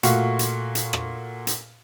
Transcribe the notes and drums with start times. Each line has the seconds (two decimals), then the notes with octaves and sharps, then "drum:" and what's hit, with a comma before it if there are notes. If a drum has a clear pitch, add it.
0.03 A#2 A3 F#4 F5 C#6, drum: hi-hat
0.39 drum: hi-hat
0.75 drum: hi-hat
0.93 drum: rim click
1.47 drum: hi-hat